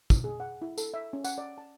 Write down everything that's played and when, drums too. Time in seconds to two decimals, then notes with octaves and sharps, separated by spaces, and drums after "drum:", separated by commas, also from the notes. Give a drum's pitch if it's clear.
0.10 drum: kick, tambourine
0.24 G#4
0.40 F#5
0.62 E4
0.78 A4, drum: tambourine
0.94 E5
1.13 C#4
1.25 F#5, drum: tambourine
1.38 D5
1.58 A5